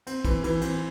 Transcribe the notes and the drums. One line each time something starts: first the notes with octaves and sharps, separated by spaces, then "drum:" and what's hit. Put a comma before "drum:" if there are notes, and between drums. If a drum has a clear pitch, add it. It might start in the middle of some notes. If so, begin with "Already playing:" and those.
C4, drum: cymbal
E3, drum: kick, cymbal
E3, drum: cymbal
C4, drum: cymbal